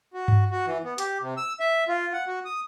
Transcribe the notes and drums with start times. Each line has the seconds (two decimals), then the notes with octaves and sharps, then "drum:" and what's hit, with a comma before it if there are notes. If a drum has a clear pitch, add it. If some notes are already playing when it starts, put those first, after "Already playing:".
0.14 F#4
0.28 drum: tom G2
0.51 F#4
0.66 E3
0.84 B3
0.98 G4, drum: hi-hat
1.21 C3
1.37 E6
1.60 E5
1.88 F4
2.13 F#5
2.27 F#4
2.45 D#6